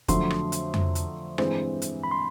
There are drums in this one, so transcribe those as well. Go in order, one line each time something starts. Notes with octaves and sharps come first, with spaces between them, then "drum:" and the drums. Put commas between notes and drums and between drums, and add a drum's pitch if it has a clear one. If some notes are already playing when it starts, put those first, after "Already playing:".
F2 D3 F#3 A3 C6, drum: kick, hi-hat
drum: rim click
drum: hi-hat
drum: tom F2
drum: hi-hat
G2 E3 G#3 C4, drum: rim click
drum: hi-hat
B5
C6